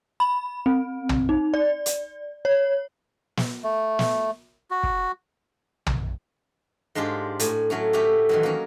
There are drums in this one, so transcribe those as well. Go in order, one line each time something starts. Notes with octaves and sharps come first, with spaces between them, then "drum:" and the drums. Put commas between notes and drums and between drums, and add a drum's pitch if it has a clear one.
B5
C4
drum: tom
D#4
D5
drum: hi-hat
C#5
drum: snare
A3
drum: snare
F#4
drum: kick
drum: tom
G#2 G#3 D4 F4 G4
A2 G#5, drum: hi-hat
F#3 A3 C#4
A3 C#4 F#4 G4
D#3 E3 F#3
A#3 C#4